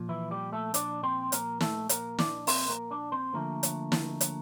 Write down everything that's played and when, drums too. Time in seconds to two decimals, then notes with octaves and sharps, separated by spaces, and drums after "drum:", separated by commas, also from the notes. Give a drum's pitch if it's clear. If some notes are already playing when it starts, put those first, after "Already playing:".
Already playing: A#2 F3
0.09 E3 E4
0.31 G3 G4
0.52 A3 A4
0.74 D4 D5, drum: hi-hat
1.03 C4 C5
1.32 A#3 A#4, drum: hi-hat
1.61 A3 A4, drum: snare
1.89 A#3 A#4, drum: hi-hat
2.18 D4 D5, drum: snare
2.47 C4 C5, drum: open hi-hat
2.69 A#3 A#4
2.91 D4 D5
3.12 C4 C5
3.33 D3 F3 A3 A#3 A#4
3.63 drum: hi-hat
3.92 drum: snare
4.21 drum: hi-hat